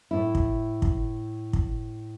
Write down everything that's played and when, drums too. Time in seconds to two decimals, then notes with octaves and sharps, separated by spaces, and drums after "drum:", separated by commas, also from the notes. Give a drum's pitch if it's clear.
0.11 A2 E4
0.35 drum: kick
0.82 drum: kick
1.53 drum: kick